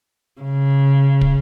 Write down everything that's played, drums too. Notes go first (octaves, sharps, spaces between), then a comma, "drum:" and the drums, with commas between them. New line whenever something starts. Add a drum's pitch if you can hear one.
C#3
drum: kick